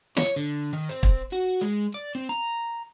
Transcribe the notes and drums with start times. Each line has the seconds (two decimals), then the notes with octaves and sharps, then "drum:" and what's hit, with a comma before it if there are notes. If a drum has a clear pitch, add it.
0.17 C#5, drum: snare
0.36 D3
0.73 D#3
0.89 C4
1.03 drum: kick
1.32 F#4
1.62 G#3
1.94 D5
2.15 C4
2.29 A#5